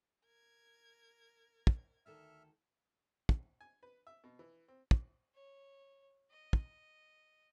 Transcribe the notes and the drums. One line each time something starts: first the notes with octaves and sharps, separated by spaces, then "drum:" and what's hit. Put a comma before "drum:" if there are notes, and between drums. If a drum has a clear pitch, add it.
A#4 G#6
drum: kick
D2 D#3 A4 E5 F6
drum: kick
G#5
B4
E5
B2
E3
C4
drum: kick
C#5
D#5
drum: kick